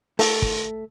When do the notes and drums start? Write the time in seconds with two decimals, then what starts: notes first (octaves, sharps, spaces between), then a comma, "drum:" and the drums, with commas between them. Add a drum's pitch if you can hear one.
0.19 A3 A4, drum: open hi-hat
0.42 drum: kick